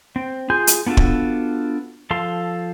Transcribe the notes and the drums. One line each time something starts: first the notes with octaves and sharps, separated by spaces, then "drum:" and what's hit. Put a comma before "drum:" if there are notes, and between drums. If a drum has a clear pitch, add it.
C4
F4 G#4 G#5 C6 G6
drum: hi-hat
B3 D4 F4 F#4 A4
drum: kick
F3 A4 F5 C6